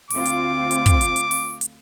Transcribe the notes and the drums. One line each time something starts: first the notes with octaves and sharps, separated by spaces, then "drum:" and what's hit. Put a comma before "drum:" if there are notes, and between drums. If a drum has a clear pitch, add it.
D2 C4 F4 D6, drum: open hi-hat
drum: hi-hat
drum: hi-hat
drum: kick, hi-hat
drum: hi-hat
drum: hi-hat
drum: open hi-hat
drum: hi-hat